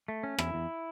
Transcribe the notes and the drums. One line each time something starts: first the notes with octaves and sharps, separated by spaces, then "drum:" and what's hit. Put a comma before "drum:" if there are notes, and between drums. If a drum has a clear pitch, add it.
A3
C#4
E2 E4, drum: rim click
E2